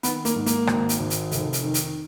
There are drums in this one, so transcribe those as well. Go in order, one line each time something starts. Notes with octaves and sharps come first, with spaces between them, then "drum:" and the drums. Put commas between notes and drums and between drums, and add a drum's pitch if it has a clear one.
D#3 B3, drum: hi-hat
A#3, drum: hi-hat
G#2
A#3, drum: hi-hat
G#1, drum: rim click
drum: hi-hat
G#1
drum: hi-hat
F1, drum: hi-hat
drum: hi-hat
D#3
drum: hi-hat